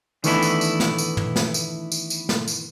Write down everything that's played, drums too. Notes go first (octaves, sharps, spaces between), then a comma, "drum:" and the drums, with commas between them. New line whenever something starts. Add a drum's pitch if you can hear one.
D#3 E3 A3 B3 D4 E4, drum: tambourine
drum: tambourine
drum: tambourine
drum: snare
drum: tambourine
drum: tom
drum: snare
drum: tambourine
drum: tambourine
drum: tambourine
drum: snare
drum: tambourine